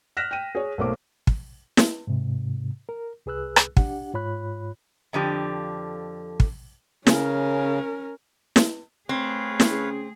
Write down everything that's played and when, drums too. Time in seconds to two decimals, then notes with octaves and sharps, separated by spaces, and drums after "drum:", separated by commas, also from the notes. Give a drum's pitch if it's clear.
0.17 F6 F#6 A#6 B6 E7
0.31 G5 D#7
0.55 G#4 C#5
0.78 B1 A3 A#3 C5 D6
1.27 drum: kick
1.77 drum: snare
2.07 G#2 C3
2.89 A#4
3.26 C2 G#4 B4 E6 F#6
3.56 drum: rim click
3.77 D4 G4 F#5, drum: kick
4.13 G#2 F4 C#5 B5 F#6
5.13 F2 D3 F3 G4
6.40 drum: kick
7.07 C#3 C#4 A#4, drum: snare
8.56 drum: snare
9.09 A3 C4 G#4 B4 C#5 F5
9.60 drum: snare
9.70 C#3